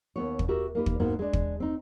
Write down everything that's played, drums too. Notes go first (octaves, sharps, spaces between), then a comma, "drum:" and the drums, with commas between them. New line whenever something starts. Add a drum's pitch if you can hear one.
D#2 B3 C#5
drum: kick
F#4 G4 A#4 E5
A#3 D#4 G4 B4
drum: kick
G#2 A#3 B3 D#4 F#4
G#3 D4
drum: kick
C4 D#4